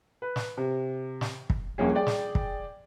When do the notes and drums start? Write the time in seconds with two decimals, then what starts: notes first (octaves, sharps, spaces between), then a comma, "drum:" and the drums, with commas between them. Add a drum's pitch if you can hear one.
0.22 B4
0.36 drum: snare
0.57 C3
1.21 drum: snare
1.50 drum: kick
1.78 D#1 A#1 A#3 C#4 G#4
1.95 G#4 D5 G5
2.07 drum: snare
2.35 drum: kick